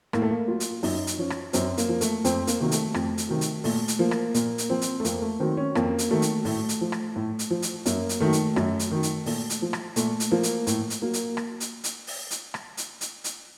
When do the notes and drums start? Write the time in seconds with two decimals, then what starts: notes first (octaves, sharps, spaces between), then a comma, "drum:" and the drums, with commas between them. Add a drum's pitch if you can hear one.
0.13 A2 A#3, drum: rim click
0.22 A3
0.31 A#3
0.48 F#3 F4
0.60 drum: hi-hat
0.83 F#2 D#4, drum: open hi-hat
1.07 drum: hi-hat
1.19 F3 C#4
1.30 drum: rim click
1.53 F#2 C4, drum: hi-hat
1.78 A#3, drum: hi-hat
1.89 F3
2.01 A3, drum: hi-hat
2.25 F2 C4, drum: hi-hat
2.47 A#3, drum: hi-hat
2.60 C3 D#3 F#3 A#3
2.71 A3, drum: hi-hat
2.94 F2, drum: rim click
3.18 drum: hi-hat
3.29 C3 D#3 F#3
3.41 drum: hi-hat
3.64 A#2 A3, drum: open hi-hat
3.88 drum: hi-hat
3.99 F3 A#3
4.11 drum: rim click
4.34 A#2 A#3, drum: hi-hat
4.58 drum: hi-hat
4.70 F3 C4
4.81 drum: hi-hat
5.00 A3
5.05 F2 A#3, drum: hi-hat
5.22 A3
5.40 D#3 F#3 C4
5.57 C#4
5.75 F2 A#3, drum: rim click
5.99 drum: hi-hat
6.10 D#3 F#3 A3
6.22 drum: hi-hat
6.45 A2 A3, drum: open hi-hat
6.69 drum: hi-hat
6.81 F3
6.92 drum: rim click
7.16 A2
7.39 drum: hi-hat
7.50 F3
7.62 drum: hi-hat
7.86 F#2 A#3, drum: hi-hat
8.09 drum: hi-hat
8.20 D#3 F#3 A3
8.33 drum: hi-hat
8.56 F#2, drum: rim click
8.79 drum: hi-hat
8.91 D#3 F#3
9.03 drum: hi-hat
9.26 A#2 A3, drum: open hi-hat
9.50 drum: hi-hat
9.62 F3
9.73 drum: rim click
9.96 A#2 A3, drum: hi-hat
10.20 drum: hi-hat
10.31 F3 A#3
10.43 drum: hi-hat
10.67 A2, drum: hi-hat
10.90 drum: hi-hat
11.02 F#3 A#3
11.13 drum: hi-hat
11.37 drum: rim click
11.60 drum: hi-hat
11.84 drum: hi-hat
12.07 drum: open hi-hat
12.31 drum: hi-hat
12.54 drum: rim click
12.77 drum: hi-hat
13.01 drum: hi-hat
13.24 drum: hi-hat